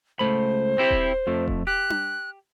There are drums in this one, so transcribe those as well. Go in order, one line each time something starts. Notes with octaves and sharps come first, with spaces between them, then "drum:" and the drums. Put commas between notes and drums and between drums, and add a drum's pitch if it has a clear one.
C#2 A3 C5 B5
C4 E4 G4
drum: kick D#1
F2 F3 A3
drum: kick D#1
G4 F#6
drum: tom D4